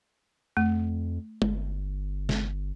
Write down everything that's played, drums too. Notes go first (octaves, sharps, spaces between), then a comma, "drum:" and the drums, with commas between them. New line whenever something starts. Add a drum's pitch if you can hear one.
F2 A3
G1, drum: tom G#3
drum: snare G#3